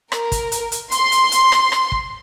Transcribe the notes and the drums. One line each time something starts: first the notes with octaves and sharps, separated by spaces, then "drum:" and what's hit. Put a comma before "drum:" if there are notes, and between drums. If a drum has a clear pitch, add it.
A#4, drum: rim click
drum: kick, hi-hat
drum: hi-hat
drum: hi-hat
C6, drum: hi-hat
drum: hi-hat
drum: hi-hat
drum: rim click
drum: rim click
drum: kick